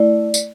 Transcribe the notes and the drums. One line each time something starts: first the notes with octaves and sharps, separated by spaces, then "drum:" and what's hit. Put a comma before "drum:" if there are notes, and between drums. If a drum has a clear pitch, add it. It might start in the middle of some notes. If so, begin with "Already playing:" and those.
Already playing: A3 E4 D5
drum: tambourine